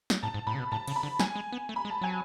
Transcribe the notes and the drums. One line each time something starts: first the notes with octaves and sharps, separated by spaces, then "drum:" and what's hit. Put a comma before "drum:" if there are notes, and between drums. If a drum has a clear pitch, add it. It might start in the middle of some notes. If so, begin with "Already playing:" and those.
drum: snare
A2 A5
G#2
A2 B5
C#3
B2
A2 A5
C#3, drum: cymbal
B5
D3
F#3 G#5, drum: snare
G#3
B3
A3
B5
G#3
A5
F#3 G#5